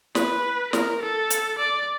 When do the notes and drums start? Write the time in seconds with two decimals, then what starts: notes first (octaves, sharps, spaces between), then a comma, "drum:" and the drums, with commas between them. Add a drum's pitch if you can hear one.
0.15 B4, drum: snare
0.73 A#4, drum: snare
1.02 A4
1.30 drum: hi-hat
1.59 D5